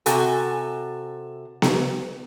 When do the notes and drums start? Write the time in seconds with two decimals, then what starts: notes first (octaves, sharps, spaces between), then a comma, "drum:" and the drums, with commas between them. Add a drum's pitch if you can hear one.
0.06 C3 F#4 A4 G#5, drum: hi-hat
1.62 drum: snare B3